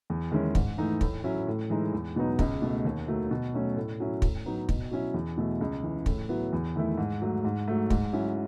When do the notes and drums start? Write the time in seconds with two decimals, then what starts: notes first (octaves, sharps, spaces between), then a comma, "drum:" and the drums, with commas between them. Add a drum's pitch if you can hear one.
0.10 E2
0.32 D#3 G#3 C#4 E4
0.55 G#2, drum: kick
0.78 E3 A3 D#4
1.01 A2, drum: kick
1.24 F#3 C#4 E4
1.47 A2
1.70 E3 G#3 D#4
1.93 E2
2.16 B2 F#3 B3 D#4
2.39 C#2, drum: kick
2.62 B2 A3
2.85 D#2
3.08 D#3 F#3 A3
3.31 B2
3.54 F#3 A3 C#4
3.76 A2
4.00 F#3 C#4 E4
4.22 A2, drum: kick
4.46 F#3 B3 D#4
4.69 B2, drum: kick
4.91 F#3 C#4 E4
5.14 E2
5.38 B2 A3 E4
5.61 C#2
5.83 C#3 E3
6.06 A2, drum: kick
6.29 F#3 B3 E4
6.53 E2
6.76 D#3 A3 E4
6.98 G#2
7.22 F#3 A3
7.45 G#2
7.68 F#3 A3
7.90 G#2, drum: kick
8.13 F#3 C#4 E4